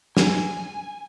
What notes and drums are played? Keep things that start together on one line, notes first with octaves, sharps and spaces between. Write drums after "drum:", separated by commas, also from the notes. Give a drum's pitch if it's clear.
G#5, drum: snare